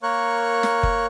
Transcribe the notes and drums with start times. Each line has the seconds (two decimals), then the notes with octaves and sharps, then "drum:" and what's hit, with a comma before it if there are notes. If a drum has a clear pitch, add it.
0.03 A#3 A#4 C#5 C#6 F#6
0.63 drum: snare
0.83 drum: kick F#1